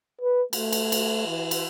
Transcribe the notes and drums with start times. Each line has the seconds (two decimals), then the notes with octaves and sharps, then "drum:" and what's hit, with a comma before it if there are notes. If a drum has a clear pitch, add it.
0.21 B4
0.53 A3, drum: cymbal
0.72 drum: cymbal
0.92 drum: cymbal
1.27 E3
1.51 drum: cymbal